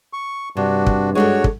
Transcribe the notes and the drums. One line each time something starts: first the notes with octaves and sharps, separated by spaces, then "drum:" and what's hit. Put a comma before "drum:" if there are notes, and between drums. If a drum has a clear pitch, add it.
C#6
G2 C3 D4 F#4
drum: kick
G#3 D4 F#4 A4 C#5
drum: kick